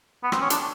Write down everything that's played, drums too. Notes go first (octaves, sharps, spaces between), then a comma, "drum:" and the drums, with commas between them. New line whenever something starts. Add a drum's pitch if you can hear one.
B3
C4, drum: rim click
C#4
D4, drum: hi-hat